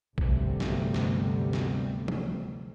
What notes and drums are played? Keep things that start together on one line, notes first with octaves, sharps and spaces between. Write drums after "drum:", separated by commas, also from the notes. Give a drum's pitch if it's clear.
G1 D2 C3 G3 A3 B3, drum: kick A#1
drum: snare
drum: snare
drum: snare
drum: tom